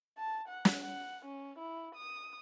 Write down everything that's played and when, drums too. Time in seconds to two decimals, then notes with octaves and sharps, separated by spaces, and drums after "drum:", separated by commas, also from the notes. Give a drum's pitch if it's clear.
0.18 A5
0.48 F#5
0.65 drum: snare
0.81 F#5
1.25 C#4
1.59 E4
1.95 D#6